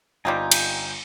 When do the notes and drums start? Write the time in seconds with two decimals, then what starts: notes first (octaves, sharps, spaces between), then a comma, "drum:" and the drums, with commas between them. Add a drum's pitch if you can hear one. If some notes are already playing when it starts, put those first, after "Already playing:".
0.25 G1 G3 C4 D#4 F4 G5 G#5 A#5
0.51 drum: cymbal